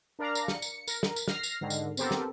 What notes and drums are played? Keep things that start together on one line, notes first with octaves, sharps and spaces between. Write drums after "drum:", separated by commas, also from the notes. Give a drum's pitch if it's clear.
D4 A#4 D5 F5 A#5
drum: tambourine
C#7, drum: snare
drum: tambourine
A#4, drum: tambourine
drum: snare
drum: tambourine
F6 A#6 C7, drum: snare
drum: tambourine
G#2 D3 D#3
drum: tambourine
B3 C4 G4 A4 A#4, drum: tambourine
drum: snare